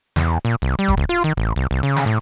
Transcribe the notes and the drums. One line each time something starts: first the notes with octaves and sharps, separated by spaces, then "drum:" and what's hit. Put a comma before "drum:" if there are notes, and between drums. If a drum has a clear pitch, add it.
E2, drum: snare
A#2
C2
G3
drum: kick, hi-hat
C#2
F4
D#3
A1
C2
C2
C#3
drum: snare
A2